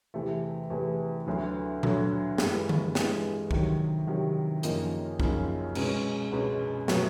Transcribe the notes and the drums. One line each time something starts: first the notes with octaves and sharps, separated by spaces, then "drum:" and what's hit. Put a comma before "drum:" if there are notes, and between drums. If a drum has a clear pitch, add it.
E2 C3 E3 A3
E2 C3 E3 A3
D2 D3 F#3
D2 D3 F#3, drum: tom A#2
G2 E3 G#3, drum: snare
drum: tom D3
G2 E3 G#3, drum: snare
C3 D#3 F#3, drum: kick
C3 D#3 F#3
F#2 C#3 F3 A#3 D#4, drum: hi-hat
F#2 C#3 F3 A#3 D#4, drum: kick
C#2 B2 G#3 C#4, drum: cymbal
C#2 B2 G#3 C#4
B2 F#3 A3, drum: snare